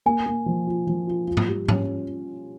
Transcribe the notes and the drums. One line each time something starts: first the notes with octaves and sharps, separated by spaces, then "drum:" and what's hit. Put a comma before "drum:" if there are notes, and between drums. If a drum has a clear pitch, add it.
A#3 G#5
A#3
F3
F4
F3
F4
F4
drum: tom G#2
G3
C#4, drum: tom G#2